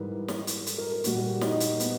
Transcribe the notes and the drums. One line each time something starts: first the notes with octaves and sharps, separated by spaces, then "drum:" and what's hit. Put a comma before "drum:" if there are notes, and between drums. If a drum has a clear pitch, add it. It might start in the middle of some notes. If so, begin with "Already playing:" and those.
Already playing: G#2 E3 G3 A#4 B4
drum: snare
drum: hi-hat
A4, drum: hi-hat
A#4
A#4
A#2 G3 F#4, drum: hi-hat
G4
F#4
D#4, drum: snare
drum: hi-hat
B3, drum: hi-hat